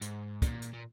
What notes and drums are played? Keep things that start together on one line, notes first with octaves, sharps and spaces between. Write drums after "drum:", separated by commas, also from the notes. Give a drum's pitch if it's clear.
G#2, drum: hi-hat
A#2, drum: kick, hi-hat
drum: hi-hat
A#2